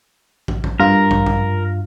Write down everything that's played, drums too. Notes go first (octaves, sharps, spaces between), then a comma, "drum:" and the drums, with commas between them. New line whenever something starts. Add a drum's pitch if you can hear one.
drum: kick
drum: kick
G2 F4 A#4
drum: kick
drum: kick